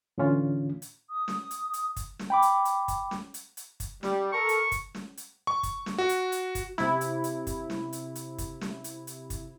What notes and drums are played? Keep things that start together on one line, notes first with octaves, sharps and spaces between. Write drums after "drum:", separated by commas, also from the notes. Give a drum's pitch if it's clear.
A2 D3 E3 C#4 F4
drum: hi-hat
D#6
drum: snare
drum: hi-hat
drum: hi-hat
drum: kick, hi-hat
drum: snare
G5 B5 D6
drum: hi-hat
drum: hi-hat
drum: kick, hi-hat
drum: snare
drum: hi-hat
drum: hi-hat
drum: kick, hi-hat
G3, drum: snare
A4 A#4 C#6
drum: hi-hat
drum: kick, hi-hat
drum: snare
drum: hi-hat
C#6
drum: kick, hi-hat
drum: snare
F#4
drum: hi-hat
drum: hi-hat
drum: kick, hi-hat
C3 E4, drum: snare
drum: hi-hat
drum: hi-hat
drum: kick, hi-hat
drum: snare
drum: hi-hat
drum: hi-hat
drum: kick, hi-hat
drum: snare
drum: hi-hat
drum: hi-hat
drum: kick, hi-hat